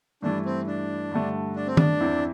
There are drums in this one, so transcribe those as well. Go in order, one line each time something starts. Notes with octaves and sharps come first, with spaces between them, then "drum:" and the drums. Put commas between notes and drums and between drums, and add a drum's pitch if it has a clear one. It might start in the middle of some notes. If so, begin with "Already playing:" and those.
G2 E3 A3 D4 E4
C4
D4
G2 D3 A3
D4
C4
D4, drum: tom D#3
E2 E3 C4 E4